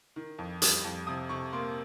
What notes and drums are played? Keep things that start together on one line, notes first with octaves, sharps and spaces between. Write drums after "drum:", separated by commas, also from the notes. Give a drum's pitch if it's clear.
D#3
F2
G3 D#6, drum: hi-hat
F2
C3 D#6
C3 C#6
A#3 C6